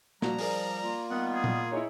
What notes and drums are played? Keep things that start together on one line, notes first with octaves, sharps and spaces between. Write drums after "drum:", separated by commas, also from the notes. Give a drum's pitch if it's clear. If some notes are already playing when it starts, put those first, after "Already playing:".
A#2 F3 G3 F#4 A#5, drum: snare
G#4 A#4 D5, drum: open hi-hat
A#3 F4
D#3 G3 B3 F#5
G#4
drum: tom A#2
D#4 E4 G#4 C#5